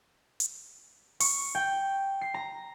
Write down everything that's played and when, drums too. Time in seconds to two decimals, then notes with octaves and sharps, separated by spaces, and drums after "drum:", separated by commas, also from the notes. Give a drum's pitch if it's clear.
0.40 drum: hi-hat
1.20 C#6, drum: open hi-hat
1.55 G5
2.21 C7
2.34 A#5